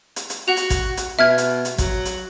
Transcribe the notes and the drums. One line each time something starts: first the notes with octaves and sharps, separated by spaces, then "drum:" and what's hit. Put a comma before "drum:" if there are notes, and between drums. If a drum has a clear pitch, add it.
drum: hi-hat
drum: hi-hat
F#4 F#5 F7
drum: hi-hat
drum: kick, hi-hat
drum: hi-hat
B2 E5 F6 G#6
drum: hi-hat
drum: hi-hat
F#3, drum: kick, hi-hat
drum: hi-hat